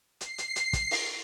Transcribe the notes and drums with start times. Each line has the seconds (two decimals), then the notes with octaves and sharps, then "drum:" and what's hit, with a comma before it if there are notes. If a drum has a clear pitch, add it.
0.21 C7, drum: hi-hat
0.38 drum: hi-hat
0.56 drum: hi-hat
0.73 drum: kick, hi-hat
0.91 drum: open hi-hat